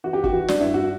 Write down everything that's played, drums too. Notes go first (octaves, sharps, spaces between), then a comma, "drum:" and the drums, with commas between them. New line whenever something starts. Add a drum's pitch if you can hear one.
E3 F#4
G4
F#4, drum: kick
E3
D4, drum: snare
G2 E4
F#4